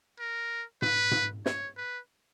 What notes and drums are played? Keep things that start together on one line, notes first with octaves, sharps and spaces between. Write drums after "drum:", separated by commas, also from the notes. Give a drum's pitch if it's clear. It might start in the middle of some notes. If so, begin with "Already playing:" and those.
A#4
B4, drum: tom G#2
drum: tom G#2
C#5, drum: snare
B4